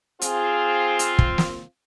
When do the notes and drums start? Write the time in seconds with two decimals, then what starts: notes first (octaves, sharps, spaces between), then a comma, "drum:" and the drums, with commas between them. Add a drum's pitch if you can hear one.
0.21 C4 F4 G#4, drum: hi-hat
0.99 drum: hi-hat
1.19 drum: kick
1.38 drum: snare